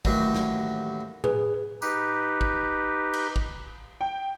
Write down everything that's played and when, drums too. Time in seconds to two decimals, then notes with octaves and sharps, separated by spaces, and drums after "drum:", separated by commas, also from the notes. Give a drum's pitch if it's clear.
0.05 A1 D#2 F#3, drum: kick
0.35 drum: snare
1.24 G#4 B4, drum: tom A2
1.82 D#4 G4 B4, drum: tambourine
2.41 drum: kick
3.13 drum: cymbal
3.36 drum: kick
4.01 G5